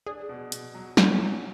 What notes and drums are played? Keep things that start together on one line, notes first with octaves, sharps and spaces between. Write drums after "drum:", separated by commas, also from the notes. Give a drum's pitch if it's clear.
D4 G#4
B2
B2, drum: hi-hat
F#3
C#4, drum: snare
F#3